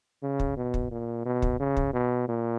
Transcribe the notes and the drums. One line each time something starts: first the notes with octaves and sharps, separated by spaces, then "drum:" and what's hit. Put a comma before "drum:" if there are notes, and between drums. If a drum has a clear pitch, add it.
C#3
drum: kick
B2
drum: kick
A#2
B2
drum: kick
C#3
drum: kick
B2
A#2